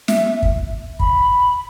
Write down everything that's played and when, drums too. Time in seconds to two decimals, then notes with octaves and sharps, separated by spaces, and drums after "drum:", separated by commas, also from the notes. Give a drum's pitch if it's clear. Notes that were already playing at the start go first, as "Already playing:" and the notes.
0.08 E5, drum: snare
0.43 drum: kick
1.00 B5, drum: kick